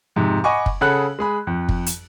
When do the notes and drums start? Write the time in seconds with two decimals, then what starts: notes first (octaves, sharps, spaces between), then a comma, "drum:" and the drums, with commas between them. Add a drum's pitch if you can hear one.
0.16 F2 G#2 C3
0.44 D#5 F#5 G#5 B5 C#6 D6
0.66 drum: kick
0.81 C#3 G#4 A4 F#5 B5 F#6
1.19 G#3 G#4 B5
1.47 F2
1.69 drum: kick
1.86 drum: hi-hat